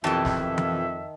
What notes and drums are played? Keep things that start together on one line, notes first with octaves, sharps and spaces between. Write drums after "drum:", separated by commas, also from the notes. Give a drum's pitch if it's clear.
F2 B2 D#3 E3 G4 E5 A5
drum: snare
drum: tom E3